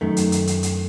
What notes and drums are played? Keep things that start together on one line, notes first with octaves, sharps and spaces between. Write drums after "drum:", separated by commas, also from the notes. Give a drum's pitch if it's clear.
F#2 D#3 A3
drum: hi-hat
drum: hi-hat
drum: hi-hat
drum: hi-hat